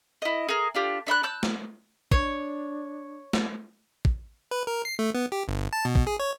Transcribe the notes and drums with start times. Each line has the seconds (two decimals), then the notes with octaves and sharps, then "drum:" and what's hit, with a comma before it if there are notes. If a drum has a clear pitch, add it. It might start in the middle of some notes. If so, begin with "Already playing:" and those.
0.22 E4 D#5
0.49 G#4 A#4
0.75 D4 F4 G4
1.07 D4 E5 B5 F#6
1.23 A5 E6 F#6 G6
1.43 drum: snare
2.11 D4 C#5, drum: kick
3.33 drum: snare
4.05 drum: kick
4.51 B4
4.67 A#4
4.85 C7
4.99 A3
5.14 B3
5.32 G4
5.48 G1
5.73 A5
5.85 B2
5.95 drum: kick
6.07 G#4
6.19 C#5